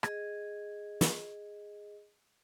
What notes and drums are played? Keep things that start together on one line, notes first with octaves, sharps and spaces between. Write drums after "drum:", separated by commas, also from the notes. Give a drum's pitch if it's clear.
G#4 D#5, drum: rim click
drum: snare